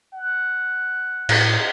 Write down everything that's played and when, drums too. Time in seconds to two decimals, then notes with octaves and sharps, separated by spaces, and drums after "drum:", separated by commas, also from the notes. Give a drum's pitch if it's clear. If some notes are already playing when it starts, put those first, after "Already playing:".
0.13 F#5
1.29 A2, drum: cymbal